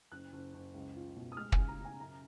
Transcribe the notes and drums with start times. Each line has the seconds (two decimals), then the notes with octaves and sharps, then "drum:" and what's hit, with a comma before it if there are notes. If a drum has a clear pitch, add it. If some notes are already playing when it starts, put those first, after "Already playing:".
0.12 F#1 F#6
0.33 F#1
0.54 F#1
0.74 C#2
0.96 F4
1.16 B2
1.32 D#6
1.37 G#3 F6
1.52 G#5, drum: kick
1.58 C#3
1.68 A#5
1.79 C#3
1.85 G#5
2.00 F#2 A#5